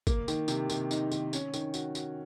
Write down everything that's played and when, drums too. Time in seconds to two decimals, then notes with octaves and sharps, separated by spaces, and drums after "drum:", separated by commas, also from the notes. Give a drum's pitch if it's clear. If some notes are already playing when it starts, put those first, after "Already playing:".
0.07 A#3, drum: kick, tambourine
0.28 D#3, drum: tambourine
0.48 C3, drum: tambourine
0.70 D#3, drum: tambourine
0.91 D#4, drum: tambourine
1.12 D#3, drum: tambourine
1.33 C#4, drum: tambourine
1.54 D#3, drum: tambourine
1.74 F#4, drum: tambourine
1.95 F#4, drum: tambourine